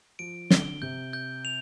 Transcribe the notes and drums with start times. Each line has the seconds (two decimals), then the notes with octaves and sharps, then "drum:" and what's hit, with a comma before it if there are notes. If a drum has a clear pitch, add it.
0.19 F3 D7
0.50 D3 G7, drum: snare
0.82 C3 G6
1.13 G6
1.45 F7